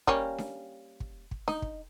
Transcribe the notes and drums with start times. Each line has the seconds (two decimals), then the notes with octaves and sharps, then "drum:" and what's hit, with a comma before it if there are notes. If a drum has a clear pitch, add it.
0.07 G3 A#3 C#4, drum: kick
0.38 drum: snare D4
1.00 drum: kick
1.31 drum: kick
1.48 D#4, drum: snare D4
1.62 drum: kick